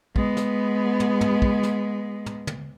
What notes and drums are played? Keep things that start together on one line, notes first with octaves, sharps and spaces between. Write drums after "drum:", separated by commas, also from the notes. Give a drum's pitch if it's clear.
G#3 B3, drum: kick
drum: snare
drum: tom
drum: tom
drum: kick
drum: snare
drum: tom
drum: tom